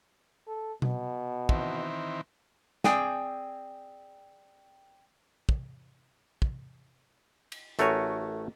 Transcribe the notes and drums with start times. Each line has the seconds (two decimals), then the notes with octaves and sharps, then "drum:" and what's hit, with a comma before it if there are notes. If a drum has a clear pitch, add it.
0.47 A4
0.82 B2, drum: tom B2
1.49 D#3 E3 C4, drum: kick
2.84 C4 G#4 D5 G5 G#5, drum: snare
5.49 drum: kick
6.42 drum: kick
7.52 drum: cymbal
7.79 A1 A3 F#4 A#4 C#5 G#5, drum: hi-hat